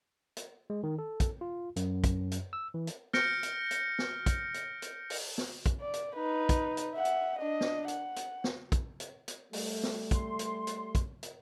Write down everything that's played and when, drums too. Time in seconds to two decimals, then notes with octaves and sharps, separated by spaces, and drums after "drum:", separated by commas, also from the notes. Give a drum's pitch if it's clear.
0.37 drum: hi-hat
0.70 G#3
0.83 D#3
0.99 A4
1.20 drum: kick, hi-hat
1.41 F4
1.76 F#2, drum: hi-hat
2.04 drum: kick, hi-hat
2.31 drum: hi-hat
2.53 E6
2.74 E3
2.87 drum: hi-hat
3.13 F6 G6 A#6 C#7 D7, drum: snare
3.43 drum: hi-hat
3.71 drum: hi-hat
3.99 drum: snare
4.26 drum: kick, hi-hat
4.54 drum: hi-hat
4.82 drum: hi-hat
5.10 drum: open hi-hat
5.38 drum: snare
5.66 drum: kick, hi-hat
5.80 D5
5.93 drum: hi-hat
6.16 D#4 B4
6.49 drum: kick, hi-hat
6.77 drum: hi-hat
6.94 E5 F#5
7.05 drum: hi-hat
7.39 D4 D#5
7.61 drum: snare
7.88 F#5, drum: hi-hat
8.16 drum: hi-hat
8.44 drum: snare
8.72 drum: kick, hi-hat
9.00 drum: hi-hat
9.28 drum: hi-hat
9.53 G3 A3, drum: open hi-hat
9.83 drum: snare
10.11 C6, drum: kick, hi-hat
10.39 drum: hi-hat
10.67 drum: hi-hat
10.95 drum: kick, hi-hat
11.23 drum: hi-hat